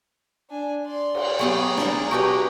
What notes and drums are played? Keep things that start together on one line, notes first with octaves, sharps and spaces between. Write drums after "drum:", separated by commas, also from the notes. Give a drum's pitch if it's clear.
D4 G#5
D5 C6
drum: cymbal
F#3 B3 G4 G#4 A#5
D4, drum: snare
F#4 G4 B4